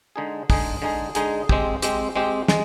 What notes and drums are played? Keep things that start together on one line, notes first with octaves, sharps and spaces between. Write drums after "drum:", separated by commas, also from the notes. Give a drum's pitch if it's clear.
D3 G#3 D#4 G#4
D3 G#3 D#4 G#4, drum: kick, open hi-hat
D3 G#3 D#4 G#4
D3 G#3 D#4 G#4, drum: hi-hat
G#3 C4 G4, drum: kick
G#3 C4 G4, drum: hi-hat
G#3 C4 G4
G#3, drum: snare